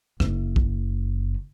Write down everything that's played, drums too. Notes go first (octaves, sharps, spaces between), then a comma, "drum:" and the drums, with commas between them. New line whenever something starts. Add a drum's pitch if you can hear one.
F#1, drum: rim click
drum: kick